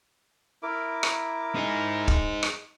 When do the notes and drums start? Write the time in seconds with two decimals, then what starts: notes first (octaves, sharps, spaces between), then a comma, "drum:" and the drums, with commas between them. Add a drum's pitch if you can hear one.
0.63 E4 A#4 D6
1.03 drum: rim click
1.55 D#4 G#4
2.08 drum: kick
2.43 drum: rim click